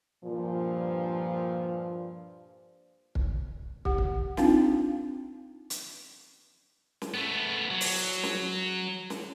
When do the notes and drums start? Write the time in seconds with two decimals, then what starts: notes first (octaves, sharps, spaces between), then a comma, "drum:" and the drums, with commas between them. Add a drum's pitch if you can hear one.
0.25 G2 A#2 F3
3.15 drum: kick
3.85 G4 F#5, drum: kick
3.98 drum: kick
4.37 C4 D4 D#4 F4 F5 G5, drum: snare
5.70 drum: hi-hat
7.02 drum: snare
7.14 A3 B3
7.71 F#3
7.81 drum: open hi-hat
8.23 drum: snare
9.10 drum: snare